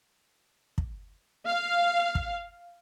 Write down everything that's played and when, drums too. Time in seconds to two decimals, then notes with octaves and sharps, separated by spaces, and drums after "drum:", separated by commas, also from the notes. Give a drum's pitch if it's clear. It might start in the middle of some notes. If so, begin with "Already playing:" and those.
0.78 drum: kick
1.46 F5
2.15 drum: kick